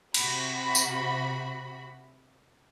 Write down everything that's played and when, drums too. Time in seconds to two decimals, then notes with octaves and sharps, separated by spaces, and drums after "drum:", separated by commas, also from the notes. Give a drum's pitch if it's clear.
0.14 C3 F#4 B5, drum: cymbal
0.75 drum: tambourine